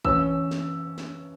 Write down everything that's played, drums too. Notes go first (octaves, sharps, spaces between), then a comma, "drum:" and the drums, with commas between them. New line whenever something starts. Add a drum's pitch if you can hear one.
E3 C#4 E6, drum: kick A1
drum: snare
drum: snare